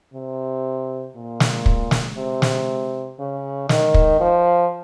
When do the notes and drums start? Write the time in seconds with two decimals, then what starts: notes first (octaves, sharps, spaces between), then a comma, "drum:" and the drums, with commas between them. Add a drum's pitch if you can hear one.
0.14 C3
1.15 A#2
1.40 drum: snare
1.66 drum: kick
1.91 drum: snare
2.17 C3
2.42 drum: snare
3.19 C#3
3.69 D#3, drum: snare
3.94 drum: kick
4.20 F3